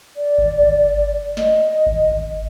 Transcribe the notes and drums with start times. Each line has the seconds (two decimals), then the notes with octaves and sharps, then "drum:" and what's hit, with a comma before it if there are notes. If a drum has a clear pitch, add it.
0.17 D5
0.38 drum: kick G#1
0.63 drum: kick G#1
1.37 D#5, drum: snare
1.86 drum: kick G#1
2.11 drum: kick G#1